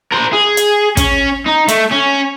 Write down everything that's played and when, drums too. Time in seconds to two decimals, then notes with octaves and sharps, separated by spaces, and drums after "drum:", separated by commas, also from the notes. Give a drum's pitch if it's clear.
0.12 A#4 C5
0.33 G#4
0.57 drum: hi-hat
0.97 C#4, drum: kick, hi-hat
1.46 D#4
1.68 A3, drum: hi-hat
1.92 C#4